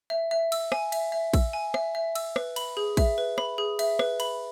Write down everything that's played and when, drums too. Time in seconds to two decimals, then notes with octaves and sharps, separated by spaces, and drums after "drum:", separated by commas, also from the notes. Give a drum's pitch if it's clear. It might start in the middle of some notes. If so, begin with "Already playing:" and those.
0.10 E5
0.31 E5
0.52 E6, drum: cymbal
0.72 G#5, drum: rim click
0.92 E5, drum: cymbal
1.12 E5
1.34 E6, drum: kick, cymbal
1.53 G#5
1.74 E5, drum: rim click
1.95 E5
2.15 E6, drum: cymbal
2.36 B4, drum: rim click
2.56 B5, drum: cymbal
2.77 G#4
2.97 E5, drum: kick, cymbal
3.18 B4
3.38 B5, drum: rim click
3.58 G#4
3.79 E5, drum: cymbal
3.99 B4, drum: rim click
4.20 B5, drum: cymbal